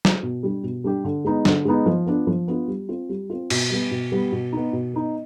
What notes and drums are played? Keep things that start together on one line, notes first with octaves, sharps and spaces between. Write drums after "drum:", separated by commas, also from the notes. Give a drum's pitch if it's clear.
drum: snare
B2
G3 D4 G4
B2
G3 D4 G4
D3
G#3 B3 D#4
D3, drum: snare
G#3 B3 D#4
F3
B3 D4 F4
F3
B3 D4 F4
G3
C4 F4
G3
C4 F4
B2, drum: cymbal
G3 B3
B2
G3 B3
B2
B3 D#4
B2
B3 D#4